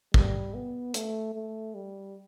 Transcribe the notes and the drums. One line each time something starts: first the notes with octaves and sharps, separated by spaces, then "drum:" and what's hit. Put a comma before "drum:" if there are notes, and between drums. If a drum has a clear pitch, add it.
G3, drum: kick
B3
A3, drum: hi-hat
A3
G3